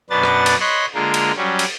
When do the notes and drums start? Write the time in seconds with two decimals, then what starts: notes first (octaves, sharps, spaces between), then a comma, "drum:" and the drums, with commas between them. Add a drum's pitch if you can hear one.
0.10 F#2 B2 B3 D4 B4 A6
0.23 drum: rim click
0.46 drum: cymbal
0.60 C#5 D#5 B5 C6 F#6
0.94 D3 G#3 A#3 F4 A#4
1.14 drum: cymbal
1.37 F#3 G3 C#4
1.59 drum: cymbal